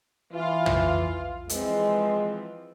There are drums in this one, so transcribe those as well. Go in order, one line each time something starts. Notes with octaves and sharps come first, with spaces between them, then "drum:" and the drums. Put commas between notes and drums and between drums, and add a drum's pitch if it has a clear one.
E3 F4 F5
drum: tom
E3 F3 G#3 C4, drum: hi-hat